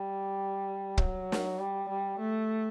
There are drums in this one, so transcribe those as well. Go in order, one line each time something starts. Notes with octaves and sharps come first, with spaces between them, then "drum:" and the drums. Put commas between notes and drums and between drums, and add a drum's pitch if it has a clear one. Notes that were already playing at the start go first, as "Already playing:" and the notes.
Already playing: G3
F#3, drum: kick
drum: snare
G3
G3
A3